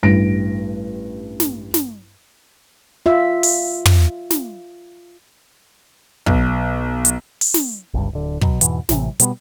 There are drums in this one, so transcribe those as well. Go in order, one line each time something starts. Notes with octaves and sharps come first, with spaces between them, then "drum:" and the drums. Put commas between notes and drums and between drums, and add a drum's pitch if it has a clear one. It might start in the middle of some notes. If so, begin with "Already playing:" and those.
A1 G2 A#6 D7
drum: snare
drum: snare
F4 E5
drum: open hi-hat
drum: tom
drum: snare
B1, drum: kick
drum: hi-hat
drum: open hi-hat
drum: snare
G1 C#2 G2
D1 D3
B2 F#3, drum: kick
E2 G#2 B2 E3, drum: hi-hat
A1 A2 C3 E3, drum: snare
B2 G3 B3, drum: hi-hat